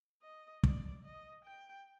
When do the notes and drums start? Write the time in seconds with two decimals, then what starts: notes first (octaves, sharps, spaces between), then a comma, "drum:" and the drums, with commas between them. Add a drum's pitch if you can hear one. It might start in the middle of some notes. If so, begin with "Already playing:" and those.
0.22 D#5
0.63 D5, drum: kick
1.04 D#5
1.45 G5